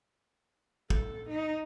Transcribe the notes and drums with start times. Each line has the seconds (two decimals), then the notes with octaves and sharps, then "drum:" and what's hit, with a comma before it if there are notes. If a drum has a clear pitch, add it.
0.90 A4, drum: kick
1.29 D#4